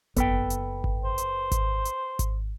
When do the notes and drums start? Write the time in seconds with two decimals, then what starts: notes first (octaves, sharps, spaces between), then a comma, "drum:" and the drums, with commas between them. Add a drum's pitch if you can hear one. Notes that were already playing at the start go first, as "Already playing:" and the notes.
0.16 F#1 B3 A4 B4 G5, drum: kick G#1, hi-hat
0.50 drum: hi-hat
0.84 drum: kick G#1
1.04 C5
1.18 drum: hi-hat
1.52 drum: kick G#1, hi-hat
1.85 drum: hi-hat
2.19 drum: kick G#1, hi-hat